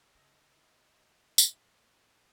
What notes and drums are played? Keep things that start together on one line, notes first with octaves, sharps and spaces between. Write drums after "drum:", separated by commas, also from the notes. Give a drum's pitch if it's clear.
C#3 D#5 A5 D#6 E6 A#6
A2 F#3, drum: tambourine